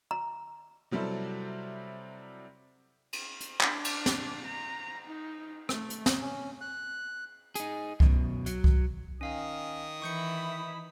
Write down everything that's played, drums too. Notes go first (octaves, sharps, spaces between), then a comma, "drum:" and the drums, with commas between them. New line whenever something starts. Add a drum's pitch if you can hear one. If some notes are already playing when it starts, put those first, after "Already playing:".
A#5
C3 F#3 G3 E4 A4 C5
drum: cymbal
drum: hi-hat
D4, drum: clap
drum: cymbal
drum: snare
A#5
D#4
A3, drum: rim click
drum: hi-hat
drum: snare
C#4
F#6
D#4 G#4, drum: hi-hat
F#2 B2, drum: kick C2
F#3, drum: hi-hat
drum: kick C2
D#3 C#4 D#4 F5 G#5 D#6
E3 E4 B5 C#6 G6 C#7